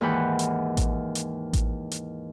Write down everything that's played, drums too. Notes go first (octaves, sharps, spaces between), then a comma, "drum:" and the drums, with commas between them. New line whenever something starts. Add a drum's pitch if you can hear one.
D#2 G#2 E3 F#5 B5 G6
drum: hi-hat
drum: kick A1, hi-hat
drum: hi-hat
drum: kick A1, hi-hat
drum: hi-hat